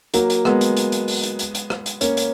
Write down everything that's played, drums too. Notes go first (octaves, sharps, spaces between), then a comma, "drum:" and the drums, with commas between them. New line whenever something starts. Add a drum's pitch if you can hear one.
F#3 A#3, drum: hi-hat
drum: hi-hat
G#3 B3, drum: rim click
drum: hi-hat
drum: hi-hat
drum: hi-hat
drum: open hi-hat
drum: hi-hat
drum: hi-hat
drum: hi-hat
drum: rim click
drum: hi-hat
A#3 C#4, drum: hi-hat
drum: hi-hat